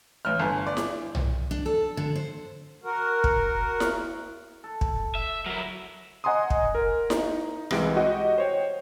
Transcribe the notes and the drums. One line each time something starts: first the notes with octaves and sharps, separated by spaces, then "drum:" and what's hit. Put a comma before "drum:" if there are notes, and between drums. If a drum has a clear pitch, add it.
A1 F6
G1 G#5
D5
drum: snare E4
drum: tom B1
D4
A4
D3
C5
F#4 A#4
drum: kick
drum: snare E4
A4
drum: kick
E5
F#3 E4 A#4
D#5 F#5 G#5 A#5 C6 D#6
drum: kick
A#4
D#4, drum: snare E4
C2 C3 E3 G#3 D7, drum: rim click
F#4 G4 D#5 F#5
C5 C#5 G5